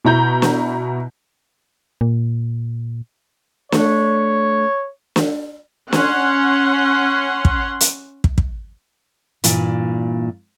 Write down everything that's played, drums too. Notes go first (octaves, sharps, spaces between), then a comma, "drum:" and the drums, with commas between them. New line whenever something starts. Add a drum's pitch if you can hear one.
B2 E4 A#5 G6
drum: snare
A#2
A3 D4 C#5, drum: snare
drum: snare
C#4 F#5 C6, drum: snare
drum: kick
drum: hi-hat
drum: kick
drum: kick
G2 A#2 E3, drum: hi-hat